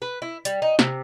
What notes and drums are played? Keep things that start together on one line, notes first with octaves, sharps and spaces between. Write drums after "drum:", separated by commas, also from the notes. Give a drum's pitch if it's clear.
B4
E4
G3, drum: hi-hat
D#4
C3, drum: snare